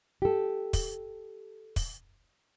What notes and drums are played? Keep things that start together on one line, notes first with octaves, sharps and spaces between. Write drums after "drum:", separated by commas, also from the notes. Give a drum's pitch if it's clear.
G4 A4
drum: kick, open hi-hat
drum: kick, open hi-hat